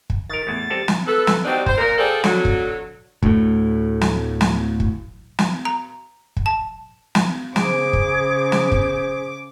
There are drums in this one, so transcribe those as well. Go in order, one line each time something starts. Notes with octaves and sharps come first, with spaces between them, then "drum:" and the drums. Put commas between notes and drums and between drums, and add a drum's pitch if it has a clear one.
drum: kick
D#3 A#4 A6
E2 A2
G3 C4 A4
drum: snare
A4 B4
drum: snare
F#3 G3 C4 D4 D#4 G4
C5, drum: kick
A#2 A#4
C4 F4 G#4 A4 D5
D3 F#3, drum: snare
drum: kick
D2 A2, drum: kick
drum: snare
drum: snare
drum: kick
drum: snare
A#5
drum: kick
A5
drum: snare
C#3 C#4 G#4 C5 D6, drum: snare
drum: kick
drum: snare
drum: kick